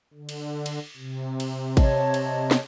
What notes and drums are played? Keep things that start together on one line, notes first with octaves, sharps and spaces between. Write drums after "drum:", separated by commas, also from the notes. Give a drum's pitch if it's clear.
D3
drum: cymbal
drum: cymbal
C3
drum: cymbal
C#5 D#5 A5, drum: kick, cymbal
drum: cymbal
drum: snare